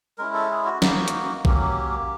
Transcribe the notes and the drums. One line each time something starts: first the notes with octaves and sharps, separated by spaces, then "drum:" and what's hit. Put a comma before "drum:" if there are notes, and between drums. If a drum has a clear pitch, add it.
G#3 C#4 E4 A#4
A4
G#4
F#4
A#3 D#4 F#4, drum: snare
drum: hi-hat
F#3 A#3 C#4 G4, drum: kick A#1
G4